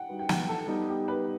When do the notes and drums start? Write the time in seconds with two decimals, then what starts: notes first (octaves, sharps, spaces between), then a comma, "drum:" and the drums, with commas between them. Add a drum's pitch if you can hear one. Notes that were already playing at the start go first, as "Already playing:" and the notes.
Already playing: F#5 G5
0.09 G3 D#4 F#4 B4
0.19 G5
0.29 F#5, drum: snare
0.49 A4
0.68 G3 B3 D#4
0.88 G4
1.08 B4